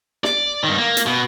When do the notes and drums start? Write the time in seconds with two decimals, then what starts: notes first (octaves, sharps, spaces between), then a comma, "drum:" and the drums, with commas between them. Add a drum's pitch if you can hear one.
0.24 D5, drum: snare
0.64 G2 D#3
0.77 A#3
0.97 drum: hi-hat
1.06 B2